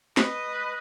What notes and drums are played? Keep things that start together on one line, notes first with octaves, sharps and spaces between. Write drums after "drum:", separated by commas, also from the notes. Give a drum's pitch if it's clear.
B4 D#5, drum: snare